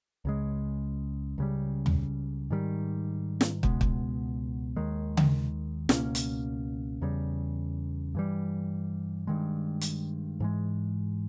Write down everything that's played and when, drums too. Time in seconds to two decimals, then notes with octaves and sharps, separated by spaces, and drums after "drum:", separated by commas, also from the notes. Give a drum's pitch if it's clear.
0.25 C#2 C#3 G#3
1.38 C#2 C#3 G3
1.86 drum: tom
2.50 G#2 D#3 G3
3.41 drum: snare
3.63 C#2 B2 G#3 B3, drum: kick
3.81 drum: kick
4.76 D#2 D#3 G#3
5.17 drum: tom C#3
5.89 C#2 B2 A#3 C#4, drum: snare
6.15 drum: hi-hat
7.01 E2 C#3 G3
8.15 G2 E3 G3
9.27 G2 D#3 G#3
9.81 drum: hi-hat
10.40 G#2 E3 G#3